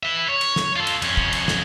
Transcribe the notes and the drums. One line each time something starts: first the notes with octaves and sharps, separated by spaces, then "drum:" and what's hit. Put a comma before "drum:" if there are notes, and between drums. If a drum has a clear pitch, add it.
B4 E5
C#5
drum: cymbal
drum: snare
F4 A4
drum: cymbal
F2 C#4, drum: cymbal
drum: kick
drum: cymbal
drum: snare